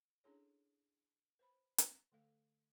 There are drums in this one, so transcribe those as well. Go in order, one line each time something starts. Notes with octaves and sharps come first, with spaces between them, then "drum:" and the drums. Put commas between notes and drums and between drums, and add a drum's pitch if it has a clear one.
C#4 D4 E4 G#4 A4 C#5
B4 C5 B5
drum: hi-hat
D3 A3 A4 F5